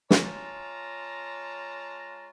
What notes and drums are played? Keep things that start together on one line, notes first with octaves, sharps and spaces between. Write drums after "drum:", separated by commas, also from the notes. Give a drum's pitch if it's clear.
G#3 F4 C#5 A5 A#5, drum: snare